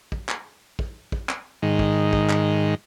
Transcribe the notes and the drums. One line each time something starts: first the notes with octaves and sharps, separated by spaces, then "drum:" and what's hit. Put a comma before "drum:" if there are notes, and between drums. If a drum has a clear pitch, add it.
drum: kick
drum: clap
drum: kick
drum: kick
drum: clap
G#2 D#3
drum: kick
drum: kick
drum: clap